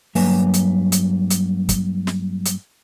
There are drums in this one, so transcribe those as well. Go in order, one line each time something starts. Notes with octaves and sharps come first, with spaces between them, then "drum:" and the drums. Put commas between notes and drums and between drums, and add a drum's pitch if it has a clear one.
G2 F#3 A#3 B4 C#5 G#5, drum: open hi-hat
drum: hi-hat
drum: hi-hat
drum: hi-hat
drum: kick, hi-hat
drum: snare
drum: hi-hat